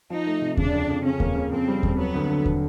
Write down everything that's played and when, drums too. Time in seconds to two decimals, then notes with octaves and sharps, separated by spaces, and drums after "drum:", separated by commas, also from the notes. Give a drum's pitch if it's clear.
0.10 F3 D#4
0.26 A3
0.42 C3
0.57 C#3 D4, drum: kick D#2
0.73 F2
0.89 F2
1.04 C#3 C#4
1.20 A#3, drum: kick D#2
1.36 C#3
1.52 F2 C4
1.68 G3
1.83 F2, drum: kick D#2
1.98 F#3 B3
2.15 D2
2.29 D3
2.46 drum: kick D#2